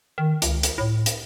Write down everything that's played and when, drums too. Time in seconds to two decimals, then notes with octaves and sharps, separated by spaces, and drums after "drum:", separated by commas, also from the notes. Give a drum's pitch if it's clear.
0.18 D#3
0.42 C#2, drum: hi-hat
0.63 drum: hi-hat
0.78 A2
1.06 drum: hi-hat